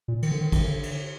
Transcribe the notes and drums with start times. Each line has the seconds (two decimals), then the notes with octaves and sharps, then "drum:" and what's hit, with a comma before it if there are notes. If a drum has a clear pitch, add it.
0.08 A#2
0.22 D#3, drum: cymbal
0.32 D3
0.40 D#3
0.52 D#3, drum: kick, cymbal
0.68 D3
0.83 drum: cymbal